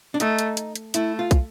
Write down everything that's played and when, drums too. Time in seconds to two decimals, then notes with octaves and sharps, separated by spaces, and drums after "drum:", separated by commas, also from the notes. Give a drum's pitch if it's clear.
0.14 D4
0.20 A3 D#4, drum: hi-hat
0.39 drum: hi-hat
0.57 drum: hi-hat
0.75 drum: hi-hat
0.94 A3 E4, drum: hi-hat
1.19 F4
1.31 drum: kick, hi-hat